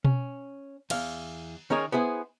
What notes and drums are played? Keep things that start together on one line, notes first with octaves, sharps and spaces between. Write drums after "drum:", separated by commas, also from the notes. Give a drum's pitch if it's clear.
C#4, drum: tom B2
E2 F5, drum: cymbal
D#3 C#4 D#4 G#4 A#4 C#5
B3 E4 G#4 C5